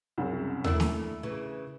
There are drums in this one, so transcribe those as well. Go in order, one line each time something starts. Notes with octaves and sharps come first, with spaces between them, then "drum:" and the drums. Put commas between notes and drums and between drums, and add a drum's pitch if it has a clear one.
C2 F#2 C#3
A3 D4 E4 A#4 E6, drum: tom D#2
drum: snare
C#3 E3